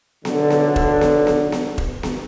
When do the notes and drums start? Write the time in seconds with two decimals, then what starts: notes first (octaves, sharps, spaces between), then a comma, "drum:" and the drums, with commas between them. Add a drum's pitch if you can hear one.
0.25 B1 D3, drum: snare B3
0.50 drum: snare B3
0.76 drum: kick E1
1.01 drum: snare B3
1.27 drum: snare B3
1.52 drum: snare B3
1.78 drum: kick E1
2.03 drum: snare B3